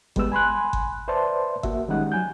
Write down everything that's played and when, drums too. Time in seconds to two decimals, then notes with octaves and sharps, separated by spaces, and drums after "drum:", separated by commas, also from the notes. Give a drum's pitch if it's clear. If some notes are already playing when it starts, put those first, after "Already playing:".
0.16 G3 G#3 B3 E6, drum: kick G1
0.32 G#5 B5 C6 F#6
0.73 drum: kick G1
1.08 B4 C5 D5 E5 A5 C6
1.63 A#3 F#4 E5, drum: kick G1
1.88 D#3 G3 G#3 C#4 D#4 F#5
2.12 F#3 G#5 G6